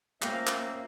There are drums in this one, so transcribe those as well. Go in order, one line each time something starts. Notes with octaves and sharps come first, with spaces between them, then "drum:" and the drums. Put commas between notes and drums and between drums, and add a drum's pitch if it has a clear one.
F3 A#3 C#4 E5 F5 G5, drum: clap
drum: clap